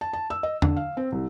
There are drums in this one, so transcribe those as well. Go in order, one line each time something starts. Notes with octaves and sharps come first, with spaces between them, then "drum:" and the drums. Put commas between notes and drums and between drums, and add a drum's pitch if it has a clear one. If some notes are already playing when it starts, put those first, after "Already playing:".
A5
A5
E6
D#5
D3, drum: tom E2
F5
C4
C2